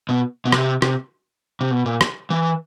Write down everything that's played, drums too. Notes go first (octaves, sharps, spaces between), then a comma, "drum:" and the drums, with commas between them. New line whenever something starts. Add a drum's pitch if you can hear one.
B2
B2
C3, drum: rim click
C3, drum: rim click
C3
B2
A#2
drum: rim click
E3